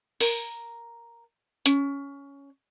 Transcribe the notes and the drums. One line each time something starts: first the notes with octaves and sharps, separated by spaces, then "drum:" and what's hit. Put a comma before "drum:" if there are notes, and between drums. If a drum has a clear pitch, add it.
A#4, drum: open hi-hat
C#4, drum: hi-hat